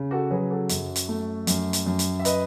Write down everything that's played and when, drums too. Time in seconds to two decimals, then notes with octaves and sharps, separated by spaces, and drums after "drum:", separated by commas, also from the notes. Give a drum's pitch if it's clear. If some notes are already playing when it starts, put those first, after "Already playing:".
Already playing: C#3
0.11 F#4 A4
0.30 F#3 G#4 B4
0.50 F#4 A4
0.69 F#2, drum: hi-hat
0.96 drum: hi-hat
1.09 A3
1.47 F#2, drum: hi-hat
1.73 drum: hi-hat
1.86 F#2
1.99 drum: hi-hat
2.19 E5
2.25 B4 D#5, drum: hi-hat